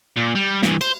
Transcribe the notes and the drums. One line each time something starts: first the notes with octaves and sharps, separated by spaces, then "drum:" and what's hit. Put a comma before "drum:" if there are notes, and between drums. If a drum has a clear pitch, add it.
A#2
G3
G2 E3, drum: snare
C5, drum: cymbal